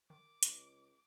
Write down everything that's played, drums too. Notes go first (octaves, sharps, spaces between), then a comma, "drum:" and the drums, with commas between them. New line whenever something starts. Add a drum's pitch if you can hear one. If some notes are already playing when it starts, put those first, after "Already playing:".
D#3 D6
C#2, drum: hi-hat